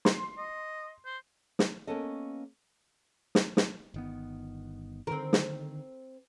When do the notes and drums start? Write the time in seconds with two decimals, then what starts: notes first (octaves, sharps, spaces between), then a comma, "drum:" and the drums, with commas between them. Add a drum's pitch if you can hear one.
0.05 C6, drum: snare
0.38 D#5
1.05 C5
1.59 drum: snare
1.87 A#3 B3 C#4 A4 D#5
3.35 drum: snare
3.57 drum: snare
3.94 G1 D#3 B3
5.07 D3 D#3 C4 A#4
5.33 drum: snare